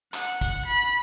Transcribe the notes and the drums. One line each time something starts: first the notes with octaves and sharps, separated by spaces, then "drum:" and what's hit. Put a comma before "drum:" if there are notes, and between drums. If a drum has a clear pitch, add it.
F#5, drum: clap
drum: kick, hi-hat
B5